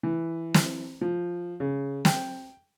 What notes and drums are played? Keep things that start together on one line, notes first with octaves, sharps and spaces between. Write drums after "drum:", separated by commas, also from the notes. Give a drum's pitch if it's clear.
E3
drum: snare
F3
C#3
G5, drum: snare